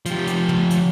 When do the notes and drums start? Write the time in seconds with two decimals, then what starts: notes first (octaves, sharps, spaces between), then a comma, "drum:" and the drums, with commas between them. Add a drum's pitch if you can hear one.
0.06 F3 G4, drum: hi-hat
0.27 drum: hi-hat
0.49 drum: tom
0.70 drum: hi-hat